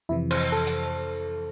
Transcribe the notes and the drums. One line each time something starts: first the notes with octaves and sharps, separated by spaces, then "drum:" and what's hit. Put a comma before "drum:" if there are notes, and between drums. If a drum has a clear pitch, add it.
F2 C3 E3 E4
C5, drum: cymbal
A4
drum: hi-hat